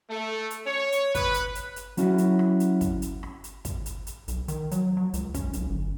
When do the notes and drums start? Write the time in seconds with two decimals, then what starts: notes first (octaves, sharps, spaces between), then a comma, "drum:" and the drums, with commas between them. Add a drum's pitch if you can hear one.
0.10 A3
0.50 drum: hi-hat
0.67 C#5
0.92 drum: hi-hat
1.15 B4, drum: kick, hi-hat
1.34 drum: hi-hat
1.55 drum: hi-hat
1.76 drum: hi-hat
1.97 F#3 C#4 E4 F#4, drum: hi-hat
2.18 drum: hi-hat
2.39 drum: rim click
2.60 drum: hi-hat
2.81 drum: kick, hi-hat
3.02 drum: hi-hat
3.23 drum: rim click
3.44 drum: hi-hat
3.65 drum: kick, hi-hat
3.86 drum: hi-hat
4.07 drum: hi-hat
4.28 B1, drum: hi-hat
4.48 D#3, drum: hi-hat
4.71 F#3, drum: hi-hat
4.97 F#3
5.14 C#2, drum: hi-hat
5.34 C#4, drum: kick, hi-hat
5.53 B1, drum: hi-hat
5.70 G1